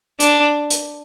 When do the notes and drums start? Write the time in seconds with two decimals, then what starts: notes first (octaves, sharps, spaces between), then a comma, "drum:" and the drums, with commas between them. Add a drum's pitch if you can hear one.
0.20 D4, drum: hi-hat
0.70 drum: hi-hat